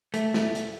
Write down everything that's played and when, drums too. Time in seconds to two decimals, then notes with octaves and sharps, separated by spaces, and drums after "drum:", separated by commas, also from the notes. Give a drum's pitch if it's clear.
0.14 A3, drum: hi-hat
0.34 drum: snare
0.55 drum: hi-hat